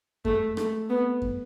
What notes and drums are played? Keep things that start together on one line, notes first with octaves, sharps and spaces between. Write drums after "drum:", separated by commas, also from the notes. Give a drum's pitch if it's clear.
A3, drum: kick F#2
A3, drum: rim click
B3
drum: kick F#2